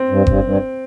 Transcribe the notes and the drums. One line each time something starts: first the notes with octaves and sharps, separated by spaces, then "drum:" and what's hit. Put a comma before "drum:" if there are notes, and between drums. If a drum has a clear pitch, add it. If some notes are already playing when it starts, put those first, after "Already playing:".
Already playing: C4
G2
G2, drum: kick F#1
G2